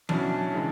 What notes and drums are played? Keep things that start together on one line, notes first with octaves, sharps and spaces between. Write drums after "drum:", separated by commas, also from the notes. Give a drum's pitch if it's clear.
B2 F#3 C#4 D4 E4, drum: tom F3
C#3 E3 G#3